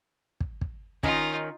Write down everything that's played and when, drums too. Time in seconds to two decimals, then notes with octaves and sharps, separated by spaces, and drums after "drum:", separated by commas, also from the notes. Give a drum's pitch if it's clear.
0.40 drum: kick
0.61 drum: kick
1.03 D#3 C#4 D#4 F4, drum: kick